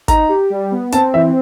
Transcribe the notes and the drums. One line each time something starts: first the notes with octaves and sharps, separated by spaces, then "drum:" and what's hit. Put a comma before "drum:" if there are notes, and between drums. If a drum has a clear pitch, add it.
D#4 A#5, drum: kick, hi-hat
G4
G3
B3
C4 A5, drum: hi-hat
E3 E5